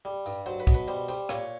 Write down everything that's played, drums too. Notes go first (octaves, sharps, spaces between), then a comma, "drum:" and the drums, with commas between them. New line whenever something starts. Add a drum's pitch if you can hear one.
G3
G2, drum: tambourine
F#3 C5
B4
B2, drum: kick, tambourine
B4
G3 C5
G3 C5, drum: tambourine
A#2 C#5, drum: rim click